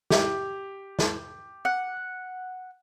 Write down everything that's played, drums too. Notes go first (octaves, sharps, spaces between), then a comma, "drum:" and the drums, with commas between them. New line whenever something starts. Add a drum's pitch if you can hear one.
G4, drum: snare
drum: snare
F#5